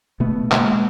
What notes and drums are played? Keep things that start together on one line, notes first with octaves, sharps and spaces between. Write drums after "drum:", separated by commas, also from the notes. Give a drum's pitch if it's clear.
B2 A3 B3
B2 G#3 A#3, drum: clap